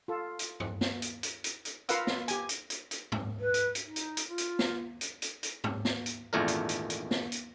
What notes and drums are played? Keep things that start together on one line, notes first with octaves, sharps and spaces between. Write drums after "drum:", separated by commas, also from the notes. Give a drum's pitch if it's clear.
F4 A4
drum: hi-hat
drum: tom G2
drum: snare
drum: hi-hat
drum: hi-hat
drum: hi-hat
drum: hi-hat
F4 A#4 B4 F5 F#5 E6, drum: hi-hat
drum: snare
G4 G#5, drum: hi-hat
drum: hi-hat
drum: hi-hat
drum: hi-hat
drum: tom G#2
B4
drum: hi-hat
drum: hi-hat
D#4
drum: hi-hat
drum: hi-hat
F4
drum: hi-hat
drum: snare
drum: hi-hat
drum: hi-hat
drum: hi-hat
drum: tom G#2
drum: snare
drum: hi-hat
G#1 E2 A#2 A3 D4 A#4
drum: hi-hat
drum: hi-hat
drum: hi-hat
drum: snare
drum: hi-hat